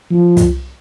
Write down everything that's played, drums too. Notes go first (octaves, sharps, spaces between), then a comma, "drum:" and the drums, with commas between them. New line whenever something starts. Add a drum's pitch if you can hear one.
F3
drum: kick, hi-hat